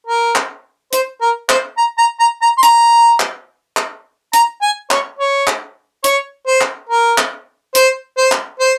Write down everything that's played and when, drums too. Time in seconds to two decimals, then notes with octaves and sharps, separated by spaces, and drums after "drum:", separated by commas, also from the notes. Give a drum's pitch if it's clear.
0.07 A#4
0.35 drum: clap
0.93 C5, drum: hi-hat
1.21 A#4
1.49 C5, drum: clap
1.78 A#5
1.98 A#5
2.20 A#5
2.42 A#5
2.58 C6
2.63 A#5, drum: hi-hat
3.20 drum: clap
3.77 drum: clap
4.33 A#5, drum: hi-hat
4.62 G#5
4.91 C#5, drum: clap
5.19 C#5
5.47 drum: clap
6.04 C#5, drum: hi-hat
6.47 C5
6.61 drum: clap
6.89 A#4
7.18 drum: clap
7.75 C5, drum: hi-hat
8.17 C5
8.32 drum: clap
8.60 C5